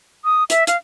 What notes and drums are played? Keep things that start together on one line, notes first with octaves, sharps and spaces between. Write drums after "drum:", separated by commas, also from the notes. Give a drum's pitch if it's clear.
D#6
E5, drum: hi-hat
F5, drum: hi-hat